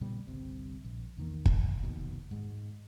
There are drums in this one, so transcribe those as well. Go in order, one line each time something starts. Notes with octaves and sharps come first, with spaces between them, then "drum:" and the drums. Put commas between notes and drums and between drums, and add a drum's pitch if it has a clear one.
A#2 C#3 G3 B3
G1 C2 C3
A#1
E2 D#3 A#3
drum: kick
F1 D#2 B2
G#2 G#3